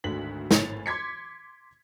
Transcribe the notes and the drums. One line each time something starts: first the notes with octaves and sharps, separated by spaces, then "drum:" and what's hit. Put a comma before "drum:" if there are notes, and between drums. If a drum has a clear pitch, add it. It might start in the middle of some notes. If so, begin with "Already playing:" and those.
G#1 D2 D3 F#4 B6 F#7
G#1 A2 C#5 G#5 A6 F7, drum: snare
C6 D6 G#6 B6 C#7